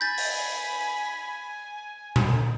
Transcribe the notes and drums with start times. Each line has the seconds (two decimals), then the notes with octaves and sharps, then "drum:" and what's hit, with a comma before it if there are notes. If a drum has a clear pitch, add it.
0.01 G#5 B5 G6 A6
0.18 drum: open hi-hat
2.16 drum: tom A#2